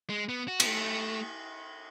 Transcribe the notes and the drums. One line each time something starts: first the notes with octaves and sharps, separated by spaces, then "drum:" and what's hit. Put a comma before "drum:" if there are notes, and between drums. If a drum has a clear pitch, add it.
G#3
B3
F#4
B3, drum: cymbal
A3